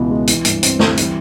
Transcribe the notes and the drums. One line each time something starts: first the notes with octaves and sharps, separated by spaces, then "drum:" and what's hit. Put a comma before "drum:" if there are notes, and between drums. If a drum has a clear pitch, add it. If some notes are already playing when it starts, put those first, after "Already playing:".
Already playing: C#2 B2 E3 B3
G#3
E3, drum: hi-hat
G2, drum: hi-hat
C4, drum: hi-hat
G3, drum: snare
E3, drum: hi-hat